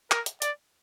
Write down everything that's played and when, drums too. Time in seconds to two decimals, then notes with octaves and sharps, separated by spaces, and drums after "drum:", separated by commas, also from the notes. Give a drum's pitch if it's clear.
0.11 A#4, drum: clap
0.26 drum: hi-hat
0.42 D5, drum: hi-hat